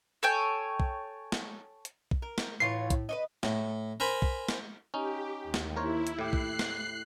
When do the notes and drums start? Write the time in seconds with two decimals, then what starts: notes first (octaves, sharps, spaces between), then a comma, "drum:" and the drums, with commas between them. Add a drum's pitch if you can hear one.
0.23 A4 C#5 G5 G#5
0.80 drum: kick
1.32 drum: snare
1.85 drum: hi-hat
2.11 drum: kick
2.22 A#4
2.38 drum: snare
2.60 A2 E3 F4 C#5 C7
2.90 drum: kick, hi-hat
3.09 B4 C#5 D#5
3.43 A2, drum: snare
4.00 A#4 C5 G#5 B5
4.22 drum: kick
4.49 drum: snare
4.94 C#4 D#4 G4
5.44 D#2
5.54 drum: snare
5.76 E4 A#4 C5 C#5
6.07 drum: hi-hat
6.19 A2 G4 F#6 C7
6.33 drum: kick
6.59 drum: snare